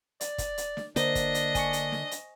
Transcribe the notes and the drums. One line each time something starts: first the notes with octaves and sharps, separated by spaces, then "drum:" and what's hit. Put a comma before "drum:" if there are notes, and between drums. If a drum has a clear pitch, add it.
D5, drum: hi-hat
drum: kick, hi-hat
drum: hi-hat
drum: snare
D3 A#3 D4 C5 D#5, drum: hi-hat
drum: kick, hi-hat
drum: hi-hat
G#5 C#6 C#7, drum: kick, hi-hat
drum: hi-hat
drum: snare
drum: hi-hat